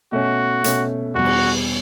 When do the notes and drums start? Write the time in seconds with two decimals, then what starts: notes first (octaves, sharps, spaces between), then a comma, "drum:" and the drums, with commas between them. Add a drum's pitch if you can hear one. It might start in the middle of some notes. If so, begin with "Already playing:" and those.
0.12 B2 A3 C#4 F#4
0.64 B2 A3 C#4, drum: hi-hat
1.15 E2 B2 G3 F#4
1.25 drum: cymbal